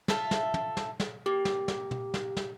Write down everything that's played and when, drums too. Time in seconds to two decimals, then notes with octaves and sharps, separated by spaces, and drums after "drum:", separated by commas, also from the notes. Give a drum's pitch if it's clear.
0.08 F4 A4 E5, drum: snare
0.31 drum: snare
0.54 drum: tom
0.77 drum: snare
1.00 drum: snare
1.26 A#3 G4
1.45 drum: snare
1.68 drum: snare
1.91 drum: tom
2.14 drum: snare
2.37 drum: snare